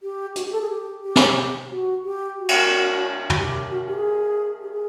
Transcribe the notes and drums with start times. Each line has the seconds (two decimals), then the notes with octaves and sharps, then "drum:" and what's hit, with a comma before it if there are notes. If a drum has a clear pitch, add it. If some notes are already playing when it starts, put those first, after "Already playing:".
0.03 G4
0.36 F#4, drum: hi-hat
0.45 G4
0.52 A4
0.61 G#4
0.69 G4
1.03 G4
1.16 drum: snare
1.70 F#4
2.04 G4
2.37 F#4
2.49 drum: cymbal
3.30 F#4, drum: tom
3.38 G4
3.71 F#4
3.88 G4
3.96 G#4
4.61 G4
4.71 G#4